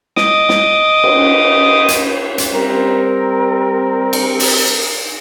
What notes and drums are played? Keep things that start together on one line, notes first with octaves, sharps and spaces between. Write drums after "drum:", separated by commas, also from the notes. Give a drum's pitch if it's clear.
D#5 D6 D#6, drum: snare
drum: snare
drum: cymbal
drum: hi-hat
drum: hi-hat
G3 C4 A#4
drum: cymbal
drum: open hi-hat